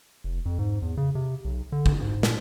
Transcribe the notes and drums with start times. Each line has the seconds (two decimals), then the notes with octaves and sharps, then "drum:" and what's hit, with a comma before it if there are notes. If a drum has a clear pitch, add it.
0.24 F1
0.46 F2
0.59 G#2
0.82 E2
0.97 C#3
1.15 C3
1.45 B1
1.72 D3
1.86 drum: kick
2.01 G#2
2.23 A#2, drum: snare